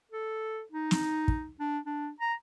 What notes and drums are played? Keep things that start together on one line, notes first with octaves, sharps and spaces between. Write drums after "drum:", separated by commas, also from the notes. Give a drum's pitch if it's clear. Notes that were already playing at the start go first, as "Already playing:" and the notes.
A4
D#4
drum: snare
drum: kick
D4
D4
A#5